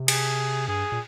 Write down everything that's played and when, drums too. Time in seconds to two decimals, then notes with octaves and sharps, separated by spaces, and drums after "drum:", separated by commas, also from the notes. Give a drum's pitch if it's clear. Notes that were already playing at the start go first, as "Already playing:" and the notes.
Already playing: C3
0.08 G#4, drum: cymbal
0.68 G2 G#4
0.92 A#2